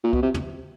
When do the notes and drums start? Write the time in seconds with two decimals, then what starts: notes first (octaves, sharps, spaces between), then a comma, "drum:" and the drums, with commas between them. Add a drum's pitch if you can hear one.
0.04 A#2
0.13 B2, drum: kick C2
0.23 C3
0.34 drum: tom